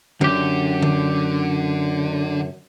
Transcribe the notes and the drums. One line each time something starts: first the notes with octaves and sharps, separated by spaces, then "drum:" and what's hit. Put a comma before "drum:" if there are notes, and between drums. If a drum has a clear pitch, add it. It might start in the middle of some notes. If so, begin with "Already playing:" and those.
F#2 D3 G4, drum: tom D3
drum: tom D3